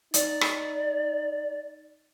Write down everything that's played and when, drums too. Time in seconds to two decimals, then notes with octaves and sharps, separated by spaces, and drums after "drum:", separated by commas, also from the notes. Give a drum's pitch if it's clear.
0.14 D#4 D5, drum: hi-hat
0.41 drum: rim click